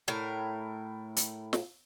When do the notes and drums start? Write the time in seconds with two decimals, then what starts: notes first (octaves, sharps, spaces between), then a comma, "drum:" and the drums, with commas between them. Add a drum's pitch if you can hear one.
0.08 A2 A#4
1.16 drum: hi-hat
1.53 drum: snare